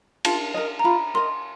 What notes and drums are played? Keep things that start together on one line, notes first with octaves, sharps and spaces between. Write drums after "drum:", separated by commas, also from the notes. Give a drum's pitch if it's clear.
F4 A5, drum: cymbal
A#4 D#5
A#5
F4 B5
A#4 D#5 C6